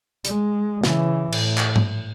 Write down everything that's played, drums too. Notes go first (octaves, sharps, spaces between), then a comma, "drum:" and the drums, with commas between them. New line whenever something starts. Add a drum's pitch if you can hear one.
G#3, drum: hi-hat
C#3 E3, drum: snare
A2, drum: cymbal
drum: clap
drum: tom G#2